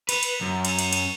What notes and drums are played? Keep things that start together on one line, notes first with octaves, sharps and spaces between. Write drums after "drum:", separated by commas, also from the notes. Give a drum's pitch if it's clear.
B4, drum: cymbal
drum: cymbal
F#2
drum: cymbal
drum: cymbal
drum: cymbal